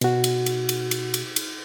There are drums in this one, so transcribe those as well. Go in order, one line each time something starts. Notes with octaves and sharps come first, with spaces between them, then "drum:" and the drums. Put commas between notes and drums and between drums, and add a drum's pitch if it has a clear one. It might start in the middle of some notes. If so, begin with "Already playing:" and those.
B2 F#4, drum: cymbal
drum: cymbal
drum: cymbal
drum: cymbal
drum: cymbal
drum: cymbal
drum: cymbal